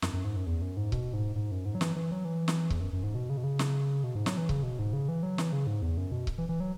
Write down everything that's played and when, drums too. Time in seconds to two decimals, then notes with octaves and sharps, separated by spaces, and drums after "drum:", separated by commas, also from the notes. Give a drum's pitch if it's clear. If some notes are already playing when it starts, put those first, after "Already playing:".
0.02 F#2, drum: snare
0.14 F#2
0.24 G#2
0.36 F#2
0.47 E2
0.62 F#2
0.77 G#2
0.92 B2, drum: kick C#1
1.13 G#2
1.36 G#2
1.52 F#2
1.66 G#2
1.75 F#3
1.81 E3, drum: snare
1.96 E3
2.11 F#3
2.25 E3
2.48 drum: snare
2.70 E2, drum: kick C#1
2.81 F#2
2.93 F#2
3.03 G#2
3.14 B2
3.30 C#3
3.37 B2
3.44 C#3
3.59 drum: snare
4.04 B2
4.15 G#2
4.26 F#3, drum: snare
4.37 E3
4.49 C#3, drum: kick C#1
4.63 B2
4.79 G#2
4.93 C#3
5.09 E3
5.23 F#3
5.38 E3, drum: snare
5.52 C#3
5.67 G#2
5.82 E2
5.97 F#2
6.12 B2
6.27 drum: kick C#1
6.38 E3
6.49 E3
6.60 F#3